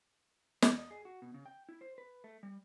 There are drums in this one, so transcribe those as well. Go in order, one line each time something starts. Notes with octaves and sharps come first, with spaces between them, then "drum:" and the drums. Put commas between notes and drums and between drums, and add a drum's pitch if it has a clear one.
E3, drum: snare
D#5
G#4
F#4
B2
C#3
G5
E4
C5
B4
A3
G3